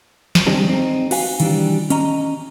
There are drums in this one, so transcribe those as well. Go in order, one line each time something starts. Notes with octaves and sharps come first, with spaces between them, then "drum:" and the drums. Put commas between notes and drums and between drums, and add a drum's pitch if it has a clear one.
drum: snare
D#3 G3 G#3 C4 D4
C4 D#4
F#4 B4 F5 G#5, drum: cymbal
D#3 E3 G3 D4 G4, drum: hi-hat
C#4 D#5 A#5, drum: hi-hat